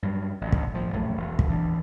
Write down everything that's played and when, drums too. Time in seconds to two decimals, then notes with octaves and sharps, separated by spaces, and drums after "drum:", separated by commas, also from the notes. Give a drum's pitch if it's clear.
0.03 G2 F#3
0.41 A1 D2
0.52 drum: kick
0.72 A2 F3
0.93 A#1 F#2 E3 A3
1.17 E1
1.39 drum: kick
1.48 D2 E3 D4